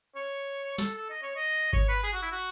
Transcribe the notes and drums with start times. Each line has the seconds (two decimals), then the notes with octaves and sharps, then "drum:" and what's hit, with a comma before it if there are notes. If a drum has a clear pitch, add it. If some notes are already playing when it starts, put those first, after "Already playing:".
0.16 C#5
0.78 A4, drum: snare
0.94 A4
1.10 D#5
1.22 C#5
1.36 D#5
1.73 C#5, drum: kick G#1
1.89 B4
2.03 G#4
2.13 F#4
2.22 E4
2.32 F#4